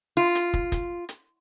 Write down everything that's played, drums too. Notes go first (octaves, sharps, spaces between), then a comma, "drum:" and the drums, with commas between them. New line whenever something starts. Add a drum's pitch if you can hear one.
F4
drum: hi-hat
drum: kick
drum: kick, hi-hat
drum: hi-hat